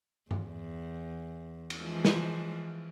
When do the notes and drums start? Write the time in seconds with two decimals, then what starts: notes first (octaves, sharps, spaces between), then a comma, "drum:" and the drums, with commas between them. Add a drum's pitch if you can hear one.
0.31 E2, drum: tom G2
1.70 drum: cymbal
1.80 E3 F3 G#3
2.05 drum: snare